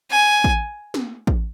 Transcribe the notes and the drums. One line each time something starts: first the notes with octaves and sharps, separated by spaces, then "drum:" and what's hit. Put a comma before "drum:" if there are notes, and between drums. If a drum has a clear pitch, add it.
G#5
drum: kick
drum: snare
drum: kick